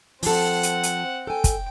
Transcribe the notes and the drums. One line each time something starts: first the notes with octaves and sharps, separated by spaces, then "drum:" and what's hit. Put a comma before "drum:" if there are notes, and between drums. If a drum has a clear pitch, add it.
F3 C4 A4 F#5, drum: open hi-hat
drum: hi-hat
drum: hi-hat
A4 G5 G#5
drum: kick, hi-hat